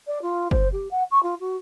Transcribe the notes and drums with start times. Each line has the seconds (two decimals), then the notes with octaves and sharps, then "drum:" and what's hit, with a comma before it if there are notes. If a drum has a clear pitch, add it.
0.07 D5
0.22 F4
0.51 C5, drum: kick
0.72 G4
0.91 F#5
1.11 C#6
1.23 F4
1.40 F#4